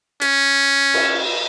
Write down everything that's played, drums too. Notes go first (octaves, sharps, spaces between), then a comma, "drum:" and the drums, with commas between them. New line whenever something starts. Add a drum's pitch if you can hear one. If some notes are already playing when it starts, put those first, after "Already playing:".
C#4, drum: hi-hat
drum: cymbal